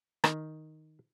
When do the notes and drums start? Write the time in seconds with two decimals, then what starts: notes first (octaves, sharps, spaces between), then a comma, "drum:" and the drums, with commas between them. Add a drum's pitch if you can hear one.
0.24 D#3, drum: rim click